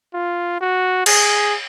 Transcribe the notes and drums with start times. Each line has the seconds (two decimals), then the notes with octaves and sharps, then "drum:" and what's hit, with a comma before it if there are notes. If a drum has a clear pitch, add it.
0.14 F4
0.61 F#4
1.06 G#4, drum: cymbal